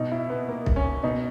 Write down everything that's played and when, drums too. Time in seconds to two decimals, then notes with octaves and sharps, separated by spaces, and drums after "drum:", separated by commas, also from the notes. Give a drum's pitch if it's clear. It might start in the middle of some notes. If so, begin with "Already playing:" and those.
Already playing: B2 D#4
0.12 E4
0.30 B3
0.49 A#3
0.66 drum: kick B1
0.76 C#4
1.03 B2 D#4